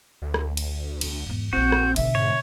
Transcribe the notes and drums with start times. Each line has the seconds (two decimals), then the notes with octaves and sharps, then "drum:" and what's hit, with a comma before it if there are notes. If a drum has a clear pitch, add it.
0.22 D2
0.34 drum: rim click
0.57 drum: cymbal
1.01 E2, drum: cymbal
1.26 E2 G#2
1.53 A#1 C4 E4 F#4 G6
1.72 drum: rim click
1.96 G#1 B2 D3 E5, drum: cymbal
2.15 G#2 C#5